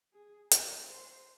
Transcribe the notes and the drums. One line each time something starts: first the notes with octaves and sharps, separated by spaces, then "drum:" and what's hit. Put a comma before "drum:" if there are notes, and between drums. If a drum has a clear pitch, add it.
G#4
A#4, drum: hi-hat
C5